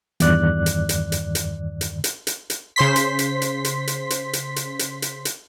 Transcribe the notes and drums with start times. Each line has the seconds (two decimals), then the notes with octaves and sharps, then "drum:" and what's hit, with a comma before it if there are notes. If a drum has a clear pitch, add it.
0.20 E2 G2 D#3 D5 F#6, drum: hi-hat
0.66 drum: hi-hat
0.89 drum: hi-hat
1.12 drum: hi-hat
1.35 drum: hi-hat
1.81 drum: hi-hat
2.04 drum: hi-hat
2.27 drum: hi-hat
2.50 drum: hi-hat
2.76 C#3 C5 C6 B6
2.96 drum: hi-hat
3.19 drum: hi-hat
3.42 drum: hi-hat
3.65 drum: hi-hat
3.87 drum: hi-hat
4.10 drum: hi-hat
4.33 drum: hi-hat
4.56 drum: hi-hat
4.79 drum: hi-hat
5.02 drum: hi-hat
5.25 drum: hi-hat